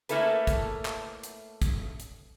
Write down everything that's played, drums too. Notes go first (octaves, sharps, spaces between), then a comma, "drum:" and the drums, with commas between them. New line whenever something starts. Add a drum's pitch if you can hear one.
A3 A#3 C#4 E4 A4 B4, drum: hi-hat
drum: kick, hi-hat
drum: clap
drum: hi-hat
drum: kick, hi-hat
drum: hi-hat